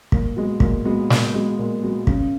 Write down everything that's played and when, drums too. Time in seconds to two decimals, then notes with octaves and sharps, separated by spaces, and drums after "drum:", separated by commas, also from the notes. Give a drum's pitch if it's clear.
0.12 A#2, drum: kick
0.36 G#3 B3 F#4
0.60 A#2, drum: kick
0.85 G#3 B3 F#4
1.10 A#2, drum: snare
1.34 G#3 B3 F#4
1.59 A#2
1.83 G#3 B3 F#4
2.07 C#3, drum: kick